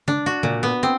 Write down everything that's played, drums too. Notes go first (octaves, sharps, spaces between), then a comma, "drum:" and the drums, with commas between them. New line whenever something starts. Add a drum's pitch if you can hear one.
D4, drum: tom C#3
F#4
A#2, drum: tom C#3
B3
C4